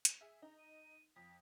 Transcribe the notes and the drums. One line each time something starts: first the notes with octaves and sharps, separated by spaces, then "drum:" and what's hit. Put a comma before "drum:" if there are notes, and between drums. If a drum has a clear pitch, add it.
drum: hi-hat
G#4 E5
D#4 A#5
D#7
F2 B6